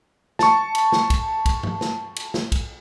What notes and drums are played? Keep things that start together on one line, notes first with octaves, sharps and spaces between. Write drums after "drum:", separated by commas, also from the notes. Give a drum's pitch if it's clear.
A5 C#6, drum: snare
drum: cymbal
drum: snare
drum: kick B1, cymbal
drum: kick B1, cymbal
drum: tom G2
drum: snare
drum: cymbal
drum: snare
drum: kick B1, cymbal